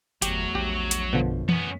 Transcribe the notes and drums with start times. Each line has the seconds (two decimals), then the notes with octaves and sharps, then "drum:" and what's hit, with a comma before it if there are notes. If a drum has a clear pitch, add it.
0.22 G1 E2 F#3 A3 G4, drum: hi-hat
0.55 A#1 G4
0.91 drum: hi-hat
1.13 F#2 B2 D3 F3
1.49 B3 C#4, drum: tom E3